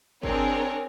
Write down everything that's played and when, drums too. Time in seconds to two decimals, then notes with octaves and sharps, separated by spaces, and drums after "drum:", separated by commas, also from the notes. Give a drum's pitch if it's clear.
0.23 C4 D4 G#4 A#4 C#5, drum: kick G1